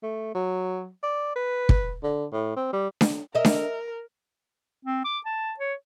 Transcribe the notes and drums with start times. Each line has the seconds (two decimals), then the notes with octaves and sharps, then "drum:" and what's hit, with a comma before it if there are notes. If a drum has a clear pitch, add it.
0.03 A3
0.35 F#3
1.03 D5
1.36 B4
1.69 drum: kick
2.04 D3
2.32 A2
2.56 C4
2.73 G3
3.01 drum: snare D4
3.35 A#4 D#5 E5
3.45 drum: snare D4
4.85 C4
5.05 D6
5.25 A5
5.60 C#5